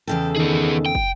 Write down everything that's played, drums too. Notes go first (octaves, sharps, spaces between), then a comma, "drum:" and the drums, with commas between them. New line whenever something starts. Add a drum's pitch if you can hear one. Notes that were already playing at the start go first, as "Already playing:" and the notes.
E2 C#3 A4 G5
D#3 B3 G#4
G5
drum: kick